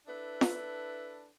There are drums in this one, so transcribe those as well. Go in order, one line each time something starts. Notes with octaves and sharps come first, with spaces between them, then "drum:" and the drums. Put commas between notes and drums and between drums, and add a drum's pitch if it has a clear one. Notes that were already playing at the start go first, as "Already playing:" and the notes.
D4 E4 A4 B4
drum: snare